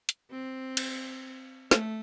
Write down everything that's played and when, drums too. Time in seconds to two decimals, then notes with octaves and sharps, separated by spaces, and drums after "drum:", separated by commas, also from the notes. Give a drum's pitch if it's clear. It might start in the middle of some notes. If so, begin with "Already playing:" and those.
0.09 drum: hi-hat
0.31 C4
0.77 drum: cymbal
1.71 A3, drum: snare